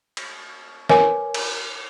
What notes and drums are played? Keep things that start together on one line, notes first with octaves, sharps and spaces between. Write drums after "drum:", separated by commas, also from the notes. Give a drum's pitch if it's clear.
drum: cymbal
A#4 B4 C#5 G#5 D6, drum: snare
drum: cymbal